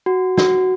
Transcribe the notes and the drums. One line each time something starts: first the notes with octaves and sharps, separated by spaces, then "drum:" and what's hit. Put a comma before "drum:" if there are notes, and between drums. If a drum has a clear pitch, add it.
F#4
F#4, drum: snare